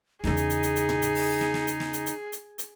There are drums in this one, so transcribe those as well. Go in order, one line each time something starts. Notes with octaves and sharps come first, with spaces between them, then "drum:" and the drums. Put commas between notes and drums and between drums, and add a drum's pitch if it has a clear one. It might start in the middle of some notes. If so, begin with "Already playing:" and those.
E2 C#3 D#4 G#4, drum: snare
drum: hi-hat
drum: hi-hat
drum: hi-hat
drum: hi-hat
drum: tom A2
drum: hi-hat
drum: open hi-hat
drum: snare
drum: snare
drum: hi-hat
drum: snare
drum: hi-hat
drum: hi-hat
drum: hi-hat
drum: hi-hat